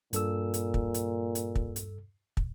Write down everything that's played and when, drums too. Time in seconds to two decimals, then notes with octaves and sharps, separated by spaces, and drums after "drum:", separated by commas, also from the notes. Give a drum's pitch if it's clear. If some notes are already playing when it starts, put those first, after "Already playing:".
0.13 G2 A#2 A4 E6, drum: hi-hat
0.54 drum: hi-hat
0.74 drum: kick
0.94 drum: hi-hat
1.35 drum: hi-hat
1.55 drum: kick
1.76 drum: hi-hat
2.37 drum: kick